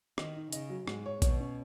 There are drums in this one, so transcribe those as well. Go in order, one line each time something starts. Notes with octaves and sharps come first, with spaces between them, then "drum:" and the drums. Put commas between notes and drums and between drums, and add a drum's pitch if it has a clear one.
D#3 D#5, drum: rim click
D#4
C#3 D#5, drum: hi-hat
F#3
G#2 G#3, drum: rim click
C#5
B2 C#5, drum: kick A#1, hi-hat
C#4